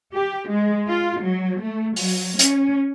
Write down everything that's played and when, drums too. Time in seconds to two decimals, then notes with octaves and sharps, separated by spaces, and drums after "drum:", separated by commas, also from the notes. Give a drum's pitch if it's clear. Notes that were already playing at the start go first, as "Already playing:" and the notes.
0.14 G4
0.49 G#3
0.88 F4
1.22 F#3
1.61 A3
1.96 F#3, drum: open hi-hat
2.39 C#4, drum: hi-hat